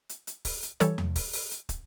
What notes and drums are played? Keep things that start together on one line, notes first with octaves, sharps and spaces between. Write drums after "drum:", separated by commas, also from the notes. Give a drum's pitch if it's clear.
drum: hi-hat
drum: hi-hat
drum: kick, open hi-hat
drum: hi-hat
E3 G3 A4 C#5, drum: hi-hat
drum: tom E2
drum: kick, open hi-hat
drum: open hi-hat
drum: hi-hat
drum: kick, hi-hat